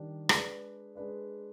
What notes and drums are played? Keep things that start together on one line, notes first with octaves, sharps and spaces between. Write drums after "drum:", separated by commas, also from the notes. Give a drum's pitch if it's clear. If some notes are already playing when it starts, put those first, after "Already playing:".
Already playing: D#3 G3 D4
G#3 D4 G#4 B4 D5, drum: rim click
G#3 D4 G#4 B4 D5